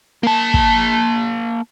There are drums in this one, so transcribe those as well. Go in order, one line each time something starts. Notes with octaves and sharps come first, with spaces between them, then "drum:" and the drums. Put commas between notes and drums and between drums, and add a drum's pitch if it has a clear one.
A#3 A5
drum: kick